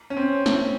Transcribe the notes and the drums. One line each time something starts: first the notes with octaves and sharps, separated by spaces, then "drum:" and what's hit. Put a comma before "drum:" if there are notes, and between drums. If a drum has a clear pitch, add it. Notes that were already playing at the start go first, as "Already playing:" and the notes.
C#4
C4
drum: snare